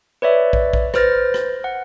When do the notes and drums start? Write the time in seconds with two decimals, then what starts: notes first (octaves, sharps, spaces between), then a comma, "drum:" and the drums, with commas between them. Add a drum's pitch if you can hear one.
0.22 B4 C#5 D5 E5
0.53 drum: kick
0.73 drum: kick
0.94 B4 C5 F6 A6 A#6, drum: rim click
1.34 drum: rim click
1.64 F#5